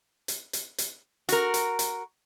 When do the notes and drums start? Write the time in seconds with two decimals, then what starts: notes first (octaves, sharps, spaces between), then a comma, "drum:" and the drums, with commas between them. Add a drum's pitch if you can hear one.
0.28 drum: hi-hat
0.53 drum: hi-hat
0.78 drum: hi-hat
1.29 F#4 A#4, drum: hi-hat
1.54 drum: hi-hat
1.79 drum: hi-hat